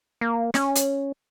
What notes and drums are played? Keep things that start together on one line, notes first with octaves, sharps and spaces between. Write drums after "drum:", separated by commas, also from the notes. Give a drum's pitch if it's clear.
A#3
C#4, drum: snare
drum: hi-hat